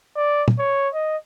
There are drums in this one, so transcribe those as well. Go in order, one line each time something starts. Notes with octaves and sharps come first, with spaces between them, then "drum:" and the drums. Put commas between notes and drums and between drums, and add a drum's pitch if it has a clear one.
D5
drum: tom
C#5
D#5